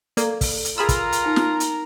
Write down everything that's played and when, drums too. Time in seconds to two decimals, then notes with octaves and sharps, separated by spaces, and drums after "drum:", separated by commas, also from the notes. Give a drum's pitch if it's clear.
0.17 A#3 A4 D5, drum: hi-hat
0.41 drum: kick, open hi-hat
0.65 drum: hi-hat
0.78 F4 G#4 A#4 A#5 B5 E6
0.89 drum: kick, hi-hat
1.12 drum: hi-hat
1.25 D#4 G5
1.36 drum: snare
1.60 drum: hi-hat